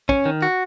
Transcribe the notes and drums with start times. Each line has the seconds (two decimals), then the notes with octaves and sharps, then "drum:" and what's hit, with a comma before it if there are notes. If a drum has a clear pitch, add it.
0.09 C#4, drum: kick
0.26 D#3
0.42 F#4